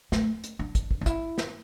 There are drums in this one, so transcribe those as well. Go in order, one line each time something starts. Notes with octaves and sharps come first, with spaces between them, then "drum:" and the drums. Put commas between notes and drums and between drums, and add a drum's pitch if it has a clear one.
A3, drum: snare
drum: hi-hat
D4
drum: kick, hi-hat
drum: kick
D4
E4, drum: kick, hi-hat
drum: snare